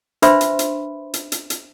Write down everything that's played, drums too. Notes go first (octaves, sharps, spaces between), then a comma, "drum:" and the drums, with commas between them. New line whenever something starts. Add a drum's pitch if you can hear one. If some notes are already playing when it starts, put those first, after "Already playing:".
D4 B4 C5 E5 B5 C6, drum: hi-hat
drum: hi-hat
drum: hi-hat
drum: hi-hat
drum: hi-hat
drum: hi-hat